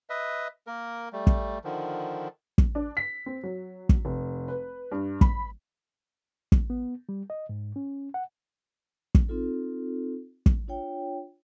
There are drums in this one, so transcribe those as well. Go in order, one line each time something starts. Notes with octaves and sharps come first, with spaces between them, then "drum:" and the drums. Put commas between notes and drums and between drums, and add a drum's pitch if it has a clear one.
B4 D#5 E5
A#3 A#4
G3 A3
drum: kick
D3 D#3 F3
drum: kick
D4
B6
C4
F#3
drum: kick
F1
B4
G2
B5, drum: kick
drum: kick
B3
G3
D#5
G#2
C#4
F#5
drum: kick
C4 D#4 F4 A4
drum: kick
D4 F4 C#5 G5